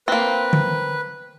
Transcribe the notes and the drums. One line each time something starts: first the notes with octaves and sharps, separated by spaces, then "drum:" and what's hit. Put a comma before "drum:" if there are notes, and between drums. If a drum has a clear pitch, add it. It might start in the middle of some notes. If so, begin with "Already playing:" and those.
A#3 C4 B4
drum: tom D3